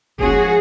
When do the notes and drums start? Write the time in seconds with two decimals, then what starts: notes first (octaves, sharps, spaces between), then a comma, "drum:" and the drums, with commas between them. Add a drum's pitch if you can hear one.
0.19 G#2 F3 A#3 C#4 F#4 G#4, drum: kick F1